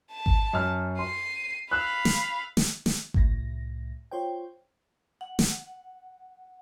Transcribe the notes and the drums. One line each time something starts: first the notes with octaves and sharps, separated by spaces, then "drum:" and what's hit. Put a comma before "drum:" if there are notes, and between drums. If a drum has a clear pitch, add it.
A5
drum: kick G#1
F#2 F6
C6 C7 D#7
F5 B5 E6 F#6
drum: snare
drum: snare
drum: snare
C2 A2 A#6, drum: kick G#1
F4 C5 C#5 G5
F#5
drum: snare